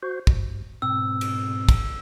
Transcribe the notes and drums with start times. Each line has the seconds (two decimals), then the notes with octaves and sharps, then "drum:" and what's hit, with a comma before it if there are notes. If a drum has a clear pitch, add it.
0.03 F#4 C5
0.27 G2, drum: kick
0.82 G#2 B2 C4 E6
1.21 drum: cymbal
1.69 drum: kick, cymbal